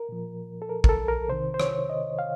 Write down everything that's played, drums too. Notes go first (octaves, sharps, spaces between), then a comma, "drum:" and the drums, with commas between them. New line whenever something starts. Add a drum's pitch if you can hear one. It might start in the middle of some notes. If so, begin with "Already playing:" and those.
Already playing: A#4
A#2 F3
A4
A#4
A#4, drum: kick
A4
A#4
C3 D#3 C5
C5
C#5, drum: rim click
D#5
F5